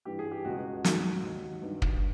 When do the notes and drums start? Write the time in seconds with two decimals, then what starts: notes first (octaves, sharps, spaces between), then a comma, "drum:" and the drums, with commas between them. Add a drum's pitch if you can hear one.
0.05 G2 E3 G4
0.19 G#4
0.31 G4
0.45 C#2 B2 F#4
0.85 G#2 D#3 F#4, drum: snare
1.23 D#2 D#3
1.62 G2 D#3
1.82 drum: kick